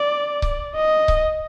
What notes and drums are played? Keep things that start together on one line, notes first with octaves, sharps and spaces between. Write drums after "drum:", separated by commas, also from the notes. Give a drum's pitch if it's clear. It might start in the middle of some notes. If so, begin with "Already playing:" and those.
Already playing: D5
drum: kick C#1
D#5
drum: kick C#1